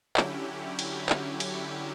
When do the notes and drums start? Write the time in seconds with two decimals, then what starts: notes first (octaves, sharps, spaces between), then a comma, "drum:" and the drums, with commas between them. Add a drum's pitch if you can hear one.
0.17 D3 F#3 C#4 E4 G4, drum: clap
0.79 drum: cymbal
1.09 drum: clap
1.40 drum: cymbal